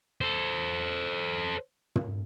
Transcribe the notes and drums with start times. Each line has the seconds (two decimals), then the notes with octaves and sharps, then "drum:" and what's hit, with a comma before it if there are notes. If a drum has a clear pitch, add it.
0.21 A4 C5
1.96 drum: tom